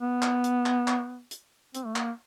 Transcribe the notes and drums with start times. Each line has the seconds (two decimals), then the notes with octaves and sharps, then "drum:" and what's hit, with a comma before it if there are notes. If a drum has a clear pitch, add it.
0.01 B3
0.22 drum: clap
0.44 drum: hi-hat
0.66 drum: clap
0.88 drum: clap
1.31 drum: hi-hat
1.75 C4, drum: hi-hat
1.85 A3
1.96 A#3, drum: clap